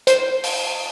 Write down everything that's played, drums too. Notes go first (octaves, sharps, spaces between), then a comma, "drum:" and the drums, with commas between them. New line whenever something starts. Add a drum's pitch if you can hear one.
C5, drum: hi-hat
drum: open hi-hat